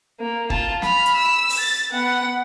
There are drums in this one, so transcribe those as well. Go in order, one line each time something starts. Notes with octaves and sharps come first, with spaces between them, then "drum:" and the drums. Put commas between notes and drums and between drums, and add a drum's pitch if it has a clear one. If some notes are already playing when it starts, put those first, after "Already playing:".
A#3
F4 A5, drum: kick
B5 F6, drum: snare
drum: hi-hat
E6
drum: open hi-hat
A6
B3 F#5